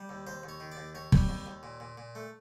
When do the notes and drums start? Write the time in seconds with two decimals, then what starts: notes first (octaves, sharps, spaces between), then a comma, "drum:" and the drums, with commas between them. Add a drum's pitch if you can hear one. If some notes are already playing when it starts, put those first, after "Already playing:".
Already playing: G3
0.09 D#2
0.27 D#2 C5
0.43 D#2
0.49 C#5
0.60 D#3
0.72 D5
0.77 D#2
0.95 D#2 C#5
1.12 G3, drum: kick
1.29 D#2
1.46 D#2
1.63 A#2
1.80 A#2
1.97 A#2
2.15 A3